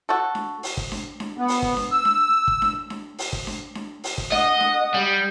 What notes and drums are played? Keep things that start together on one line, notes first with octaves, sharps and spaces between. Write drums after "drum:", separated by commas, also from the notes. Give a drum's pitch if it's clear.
F#4 A4
drum: snare D4
drum: open hi-hat
drum: kick
drum: snare D4
drum: snare D4
B3
drum: open hi-hat
drum: kick
drum: snare D4
E6
drum: snare D4
drum: kick
drum: snare D4
drum: snare D4
drum: open hi-hat
drum: kick
drum: snare D4
drum: snare D4
drum: open hi-hat
drum: kick
D#5 F#5 D#6, drum: snare D4
drum: snare D4
G3